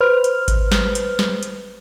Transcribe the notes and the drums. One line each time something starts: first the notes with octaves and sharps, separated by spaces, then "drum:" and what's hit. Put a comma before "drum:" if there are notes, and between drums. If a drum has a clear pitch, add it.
B4 C5 F6
drum: hi-hat
drum: kick G#1, hi-hat
drum: snare
drum: hi-hat
drum: snare
drum: hi-hat